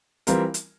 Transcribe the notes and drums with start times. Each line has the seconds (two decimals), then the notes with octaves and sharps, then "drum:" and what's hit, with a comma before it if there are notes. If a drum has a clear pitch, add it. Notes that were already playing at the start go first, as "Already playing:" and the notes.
0.27 E3 G3 C4 F4 A#4, drum: hi-hat
0.54 drum: hi-hat